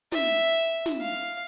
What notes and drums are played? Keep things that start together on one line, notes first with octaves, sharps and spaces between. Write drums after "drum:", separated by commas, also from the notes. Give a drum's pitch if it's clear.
E5, drum: snare
drum: snare
F5